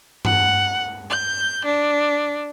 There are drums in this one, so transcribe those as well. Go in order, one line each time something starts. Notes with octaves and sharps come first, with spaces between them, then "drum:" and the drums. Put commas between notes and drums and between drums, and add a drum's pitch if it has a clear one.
F#5, drum: tom G2
G6
D4